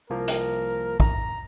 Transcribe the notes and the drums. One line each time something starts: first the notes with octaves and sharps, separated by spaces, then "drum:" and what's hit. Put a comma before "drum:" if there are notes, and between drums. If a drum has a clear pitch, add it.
C2 F3 A#3 A#4
drum: hi-hat
A#5, drum: kick